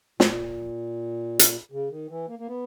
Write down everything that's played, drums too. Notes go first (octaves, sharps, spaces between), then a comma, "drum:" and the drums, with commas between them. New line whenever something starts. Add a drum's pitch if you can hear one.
A#2, drum: snare
drum: hi-hat
C#3
D#3
E3
A#3
A#3
B3